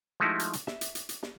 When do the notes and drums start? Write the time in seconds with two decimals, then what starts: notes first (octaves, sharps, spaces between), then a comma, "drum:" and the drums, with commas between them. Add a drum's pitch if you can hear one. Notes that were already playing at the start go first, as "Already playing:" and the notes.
0.20 F3 G#3 A3 D#4 E4 F#4
0.39 drum: hi-hat
0.53 drum: hi-hat
0.67 E5, drum: snare
0.81 drum: hi-hat
0.95 drum: hi-hat
1.09 drum: hi-hat
1.23 drum: snare